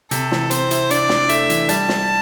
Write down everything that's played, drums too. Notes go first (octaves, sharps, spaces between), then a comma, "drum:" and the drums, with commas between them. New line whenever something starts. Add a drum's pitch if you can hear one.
C3 A4, drum: hi-hat
E3, drum: snare
C4 C5, drum: hi-hat
E4, drum: hi-hat
D4 D5, drum: hi-hat
D4, drum: snare
A3 E5, drum: hi-hat
E3, drum: hi-hat
G3 A5, drum: hi-hat
drum: snare